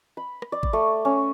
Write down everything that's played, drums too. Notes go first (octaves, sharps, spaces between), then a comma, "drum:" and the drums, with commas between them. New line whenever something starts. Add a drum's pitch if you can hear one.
B5
drum: rim click
D5
drum: kick G#1
A3
C#4